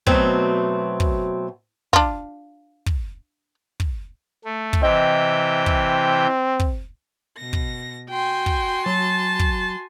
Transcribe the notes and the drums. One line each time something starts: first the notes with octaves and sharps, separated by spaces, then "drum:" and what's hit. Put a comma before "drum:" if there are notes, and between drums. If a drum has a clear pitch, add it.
B2 F#3 A3 C4, drum: kick
drum: kick
D4 F4, drum: kick
drum: kick
drum: kick
A3
drum: kick
C3 E3 C4 D#5 G5
drum: kick
drum: kick
B2 A#6
drum: kick
F#4 G5 G#5 C6
drum: kick
F#3 A5
drum: kick